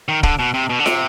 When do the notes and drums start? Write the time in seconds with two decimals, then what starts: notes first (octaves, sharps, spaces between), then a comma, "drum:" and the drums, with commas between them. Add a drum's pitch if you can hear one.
0.08 D#3
0.23 D3, drum: kick
0.39 B2
0.54 C3
0.70 B2
0.80 D3
0.86 C3, drum: snare